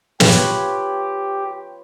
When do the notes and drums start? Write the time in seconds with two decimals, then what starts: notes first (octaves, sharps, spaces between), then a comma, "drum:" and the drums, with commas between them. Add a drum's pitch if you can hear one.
0.20 F4 G4 B4 C#5, drum: snare